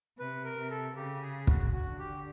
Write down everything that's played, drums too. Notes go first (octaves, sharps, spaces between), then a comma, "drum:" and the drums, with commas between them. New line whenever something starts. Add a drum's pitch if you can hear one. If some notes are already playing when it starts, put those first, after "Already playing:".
C3 B4
A#4
C3
A4
C#3 G4
G#4
F#4, drum: kick
D3 F#4
G4